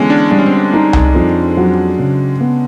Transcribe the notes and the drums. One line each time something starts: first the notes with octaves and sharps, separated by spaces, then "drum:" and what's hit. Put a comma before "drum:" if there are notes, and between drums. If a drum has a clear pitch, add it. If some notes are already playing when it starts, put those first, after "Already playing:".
Already playing: D3 E3 G#3 B3 C#4
D4
G3 D4
C#4
C4
C#4
D#4
drum: tom C2
F2
F#3
C#3
B3